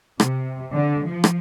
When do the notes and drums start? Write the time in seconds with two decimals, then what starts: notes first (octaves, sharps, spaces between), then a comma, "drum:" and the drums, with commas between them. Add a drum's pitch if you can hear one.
0.20 C3, drum: rim click
0.72 D3
1.06 F3
1.24 drum: rim click